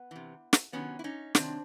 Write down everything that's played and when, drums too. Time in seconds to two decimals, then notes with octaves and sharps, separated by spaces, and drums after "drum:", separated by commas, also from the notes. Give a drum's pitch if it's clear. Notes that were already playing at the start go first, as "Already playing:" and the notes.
Already playing: B3
0.11 C3 E3
0.53 drum: snare
0.72 C3 D#3 F#3 B3 C#4
0.99 E4
1.04 C#4 D#4
1.35 C3 D#3 F#3 C4 D4, drum: snare